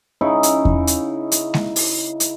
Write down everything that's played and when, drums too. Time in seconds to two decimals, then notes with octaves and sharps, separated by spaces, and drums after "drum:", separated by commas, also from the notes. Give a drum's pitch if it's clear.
0.21 C#3 D#4 E4
0.43 drum: hi-hat
0.65 drum: kick E2
0.87 drum: hi-hat
1.32 drum: hi-hat
1.54 drum: snare G#3
1.76 drum: open hi-hat
2.20 drum: hi-hat